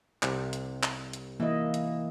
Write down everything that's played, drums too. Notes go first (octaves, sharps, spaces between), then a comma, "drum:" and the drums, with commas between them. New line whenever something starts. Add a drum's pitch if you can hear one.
C2 C3, drum: clap
drum: hi-hat
drum: clap
drum: hi-hat
E3 A#3 E4 D#5
drum: hi-hat